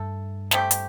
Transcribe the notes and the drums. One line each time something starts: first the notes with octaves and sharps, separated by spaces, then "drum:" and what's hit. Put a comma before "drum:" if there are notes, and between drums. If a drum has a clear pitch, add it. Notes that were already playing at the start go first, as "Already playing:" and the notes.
Already playing: G2 A3 A4
A3 C4 G4, drum: snare
drum: hi-hat